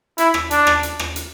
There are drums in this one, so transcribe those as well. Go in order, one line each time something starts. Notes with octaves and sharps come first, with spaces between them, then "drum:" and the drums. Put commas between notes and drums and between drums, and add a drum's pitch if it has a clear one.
E4, drum: hi-hat
drum: rim click
D4, drum: hi-hat
drum: rim click
drum: hi-hat
drum: rim click
drum: hi-hat